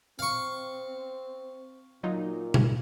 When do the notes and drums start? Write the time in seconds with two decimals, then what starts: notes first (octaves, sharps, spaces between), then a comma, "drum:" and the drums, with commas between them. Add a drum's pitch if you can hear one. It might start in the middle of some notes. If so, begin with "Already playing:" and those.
0.19 C4 F5 C#6
2.03 A#2 F#3 D#4 F4
2.54 drum: tom B2